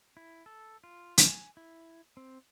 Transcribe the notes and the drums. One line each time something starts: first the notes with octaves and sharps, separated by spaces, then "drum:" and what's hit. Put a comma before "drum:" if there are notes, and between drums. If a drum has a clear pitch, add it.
E4
A4
F4
G#5, drum: hi-hat
E4
C4